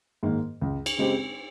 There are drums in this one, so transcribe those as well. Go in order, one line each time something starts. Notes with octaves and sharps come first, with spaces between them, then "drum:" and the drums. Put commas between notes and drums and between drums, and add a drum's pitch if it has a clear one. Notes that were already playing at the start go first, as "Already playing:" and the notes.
G#2 D#3 A#3
C#2
drum: cymbal
C#3 G#3 C4 G4